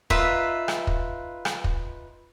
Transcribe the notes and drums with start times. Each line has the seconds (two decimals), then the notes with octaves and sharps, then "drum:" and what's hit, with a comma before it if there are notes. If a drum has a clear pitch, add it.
0.10 D#4 F4 B4 E5, drum: kick
0.68 drum: rim click
0.87 drum: kick
1.45 drum: rim click
1.64 drum: kick